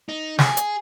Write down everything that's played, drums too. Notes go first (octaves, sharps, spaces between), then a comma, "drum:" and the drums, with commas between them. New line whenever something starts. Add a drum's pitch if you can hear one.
D#4
G#4, drum: snare
drum: hi-hat